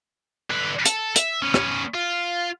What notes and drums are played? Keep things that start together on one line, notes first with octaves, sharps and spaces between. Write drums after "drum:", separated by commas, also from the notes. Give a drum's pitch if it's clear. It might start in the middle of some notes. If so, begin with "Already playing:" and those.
D3 B4
A4 A5, drum: hi-hat
E5, drum: hi-hat
B3 C#4
drum: rim click
F4